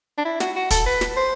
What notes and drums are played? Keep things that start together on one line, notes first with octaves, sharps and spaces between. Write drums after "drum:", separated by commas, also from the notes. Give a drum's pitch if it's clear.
D4
E4
F#4, drum: snare
F#4
A4, drum: kick, hi-hat
B4
drum: snare
C5